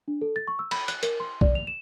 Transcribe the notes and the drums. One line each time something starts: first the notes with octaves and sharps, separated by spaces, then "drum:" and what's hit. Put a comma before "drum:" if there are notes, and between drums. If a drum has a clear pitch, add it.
D4
A4
A6
C#6
E6
B5, drum: cymbal
F#6, drum: hi-hat
A#4, drum: hi-hat
C6
D5, drum: kick B1
F7
E7